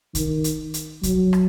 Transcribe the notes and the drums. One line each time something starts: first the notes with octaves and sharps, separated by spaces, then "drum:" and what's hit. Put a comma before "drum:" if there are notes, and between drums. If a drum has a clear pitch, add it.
D#3, drum: kick, hi-hat
drum: hi-hat
drum: hi-hat
F#3, drum: kick, hi-hat
drum: rim click